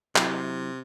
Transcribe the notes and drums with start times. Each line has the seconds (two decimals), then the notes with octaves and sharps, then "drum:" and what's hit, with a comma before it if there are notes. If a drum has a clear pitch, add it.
0.16 C3 F#3 E4, drum: clap